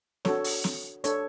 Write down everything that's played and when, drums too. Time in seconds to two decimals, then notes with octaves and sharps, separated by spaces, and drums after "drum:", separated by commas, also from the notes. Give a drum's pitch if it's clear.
0.25 D4 F#4 A4 C#5, drum: snare
0.44 drum: open hi-hat
0.64 drum: snare
1.04 D4 A4 C#5, drum: hi-hat